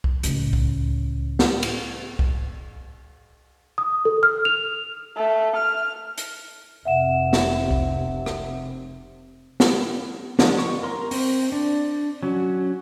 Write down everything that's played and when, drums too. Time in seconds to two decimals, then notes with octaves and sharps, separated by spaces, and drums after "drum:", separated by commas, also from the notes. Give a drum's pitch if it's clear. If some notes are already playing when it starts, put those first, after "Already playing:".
0.04 drum: kick C2
0.23 C#2 A2, drum: hi-hat
0.53 drum: kick C2
1.39 drum: snare
1.63 drum: cymbal
2.19 drum: kick C2
3.78 D#6
4.05 A4
4.23 F6
4.45 F7
5.16 A3
5.57 F6
6.18 drum: hi-hat
6.85 F1 C3 E5 F#5 E7
7.33 drum: snare
7.71 drum: kick C2
8.26 drum: rim click
9.60 drum: snare
10.39 D3 F3 F#3 G#3, drum: snare
10.59 C#6, drum: rim click
10.83 A#4 C6
11.11 C4, drum: open hi-hat
11.52 D4
12.23 F#3 C#4 F#4